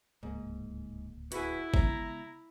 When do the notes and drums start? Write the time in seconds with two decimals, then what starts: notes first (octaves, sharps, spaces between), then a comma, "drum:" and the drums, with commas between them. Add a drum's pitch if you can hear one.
0.23 D1 C#2 G#2 A#3
1.32 E4 F#4 G#4 B4, drum: hi-hat
1.74 C#3 G#3 B3 E5 A#5, drum: kick G1